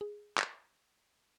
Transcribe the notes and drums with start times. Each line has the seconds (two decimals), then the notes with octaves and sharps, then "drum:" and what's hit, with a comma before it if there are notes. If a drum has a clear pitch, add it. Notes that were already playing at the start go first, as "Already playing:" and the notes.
0.01 G#4
0.38 drum: clap